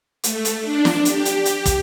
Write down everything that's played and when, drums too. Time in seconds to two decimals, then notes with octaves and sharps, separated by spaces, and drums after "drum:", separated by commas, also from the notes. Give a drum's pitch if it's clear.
0.24 A3, drum: hi-hat
0.45 drum: hi-hat
0.62 D4
0.85 drum: snare
1.05 G4, drum: hi-hat
1.25 drum: hi-hat
1.45 drum: hi-hat
1.66 drum: kick, hi-hat